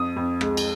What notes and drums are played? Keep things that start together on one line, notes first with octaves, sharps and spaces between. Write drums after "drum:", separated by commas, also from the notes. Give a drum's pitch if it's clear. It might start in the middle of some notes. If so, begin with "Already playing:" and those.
Already playing: F2 D#6
F2
G#3, drum: rim click
drum: cymbal